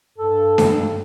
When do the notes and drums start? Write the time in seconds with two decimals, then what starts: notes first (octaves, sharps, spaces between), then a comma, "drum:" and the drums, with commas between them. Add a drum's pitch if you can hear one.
0.18 G2 A4
0.58 G2, drum: snare D4